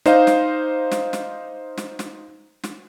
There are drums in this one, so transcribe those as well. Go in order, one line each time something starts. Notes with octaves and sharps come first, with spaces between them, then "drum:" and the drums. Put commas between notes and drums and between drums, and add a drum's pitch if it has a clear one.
D#4 C5 D5 D#5 F5, drum: snare
drum: snare
drum: snare
drum: snare
drum: snare
drum: snare
drum: snare